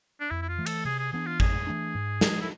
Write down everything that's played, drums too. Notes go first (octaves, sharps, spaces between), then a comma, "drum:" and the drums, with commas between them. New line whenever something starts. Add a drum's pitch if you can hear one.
D4
F2 E4
E4
F4
E3 A3
A4, drum: cymbal
C3 G#4
G#4
E3 B3 D4 G#4
F4
F2 G#4, drum: kick G#1
E3 A3 D4
G#2
F3 G#3, drum: snare
E4